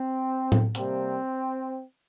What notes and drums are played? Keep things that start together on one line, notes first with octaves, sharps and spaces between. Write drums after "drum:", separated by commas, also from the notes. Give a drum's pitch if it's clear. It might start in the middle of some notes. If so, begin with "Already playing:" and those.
Already playing: C4
drum: tom A2
C3 G3 A#3 C4, drum: hi-hat